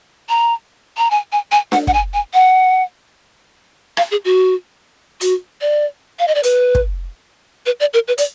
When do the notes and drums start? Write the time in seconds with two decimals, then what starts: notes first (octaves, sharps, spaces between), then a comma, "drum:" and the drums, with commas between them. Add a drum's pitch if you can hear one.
0.29 A#5
0.97 A#5
1.11 G#5
1.32 G#5
1.52 G#5
1.72 F#5, drum: snare D4
1.87 F#5, drum: kick
1.93 G#5
2.13 G#5
2.34 F#5
3.97 F5, drum: rim click
4.11 G#4
4.25 F#4
5.21 F#4, drum: hi-hat
5.61 D5
6.19 F5
6.27 D#5
6.35 D5
6.43 B4, drum: hi-hat
6.75 drum: kick
7.66 B4
7.80 D5
7.93 A#4
8.08 B4
8.18 D5, drum: hi-hat